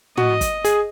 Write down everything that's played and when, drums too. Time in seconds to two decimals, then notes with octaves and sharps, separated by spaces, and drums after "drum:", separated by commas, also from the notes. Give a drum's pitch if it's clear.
0.17 F#4 D#5, drum: tom
0.41 drum: kick, hi-hat
0.65 G#4, drum: hi-hat